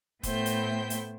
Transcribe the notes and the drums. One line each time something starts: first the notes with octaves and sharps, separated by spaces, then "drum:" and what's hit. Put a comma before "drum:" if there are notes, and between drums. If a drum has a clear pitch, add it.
A2 A3 B3 C5 G5 G6, drum: kick F1, hi-hat
drum: hi-hat
drum: hi-hat